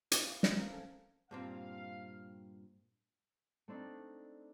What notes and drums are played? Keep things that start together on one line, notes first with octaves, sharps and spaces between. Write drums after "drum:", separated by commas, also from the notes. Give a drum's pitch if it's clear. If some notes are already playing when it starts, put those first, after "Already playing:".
A3 E4 G#5 D#6, drum: hi-hat
F5
C4, drum: snare
C#4 A#4 C5 F5
A4 G#5
G2 A#2 C4 F5
A3 C4 D4 D#4